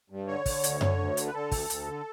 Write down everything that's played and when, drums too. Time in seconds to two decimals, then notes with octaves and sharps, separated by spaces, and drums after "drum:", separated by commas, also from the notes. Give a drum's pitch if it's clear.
0.10 G2
0.27 D3 C#5
0.46 D3, drum: kick, open hi-hat
0.64 D2, drum: hi-hat
0.81 D3, drum: tom F#2
0.98 D2
1.17 D3, drum: hi-hat
1.27 B4
1.34 D3 A4
1.52 D2, drum: kick, open hi-hat
1.70 D2, drum: hi-hat
1.88 D3